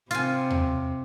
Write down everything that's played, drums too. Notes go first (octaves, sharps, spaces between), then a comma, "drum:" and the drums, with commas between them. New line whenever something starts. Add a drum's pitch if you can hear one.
C3 F4 G#5, drum: hi-hat
drum: tom D#2